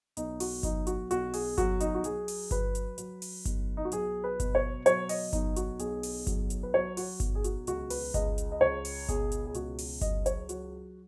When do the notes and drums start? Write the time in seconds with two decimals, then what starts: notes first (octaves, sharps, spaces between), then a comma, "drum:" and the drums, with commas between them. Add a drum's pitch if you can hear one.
0.17 B1 D#4, drum: hi-hat
0.40 F#4, drum: open hi-hat
0.63 F#3 D#4, drum: kick G1, hi-hat
0.87 F#4, drum: hi-hat
1.11 B1 F#4, drum: hi-hat
1.34 G#4, drum: open hi-hat
1.58 F#3 F#4, drum: kick G1, hi-hat
1.80 D#4, drum: hi-hat
1.95 F#4
2.04 F#3 G#4, drum: hi-hat
2.28 drum: open hi-hat
2.51 F#3 B4, drum: kick G1, hi-hat
2.75 drum: hi-hat
2.98 F#3, drum: hi-hat
3.22 drum: open hi-hat
3.45 B1, drum: kick G1, hi-hat
3.77 D#4
3.85 F#4
3.92 F#3 G#4, drum: hi-hat
4.24 B4
4.40 B2, drum: kick G1, hi-hat
4.55 C#5
4.86 F#3 C#5, drum: hi-hat
5.09 D#5, drum: open hi-hat
5.33 B1 D#4, drum: kick G1, hi-hat
5.56 F#4, drum: hi-hat
5.79 B1 G#4, drum: hi-hat
6.03 drum: open hi-hat
6.27 F#3, drum: kick G1, hi-hat
6.50 drum: hi-hat
6.63 B4
6.74 F#3 C#5
6.97 F#4, drum: open hi-hat
7.20 B1, drum: kick G1, hi-hat
7.35 G#4
7.44 F#4, drum: hi-hat
7.67 C#2 F#4, drum: hi-hat
7.90 B4, drum: open hi-hat
8.14 C#2 D#5, drum: kick G1, hi-hat
8.38 drum: hi-hat
8.52 D#5
8.61 C#2 C#5
8.85 drum: open hi-hat
9.09 B2 G#4, drum: kick G1, hi-hat
9.32 drum: hi-hat
9.46 G#4
9.54 C#2 F#4, drum: hi-hat
9.79 drum: open hi-hat
10.01 F#3 D#5, drum: kick G1, hi-hat
10.26 C#5, drum: hi-hat
10.49 F#3 F#4, drum: hi-hat